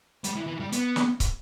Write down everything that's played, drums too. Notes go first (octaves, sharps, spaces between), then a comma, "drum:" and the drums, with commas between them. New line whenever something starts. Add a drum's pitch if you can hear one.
G3, drum: hi-hat
E3
E3
G3
B3, drum: hi-hat
drum: snare
drum: kick, hi-hat